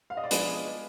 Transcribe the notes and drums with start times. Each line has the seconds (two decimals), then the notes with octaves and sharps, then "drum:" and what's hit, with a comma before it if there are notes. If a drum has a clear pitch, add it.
0.10 F5
0.17 D#5
0.24 D5
0.31 F3 G#3 B3 D4 G#4 B4, drum: hi-hat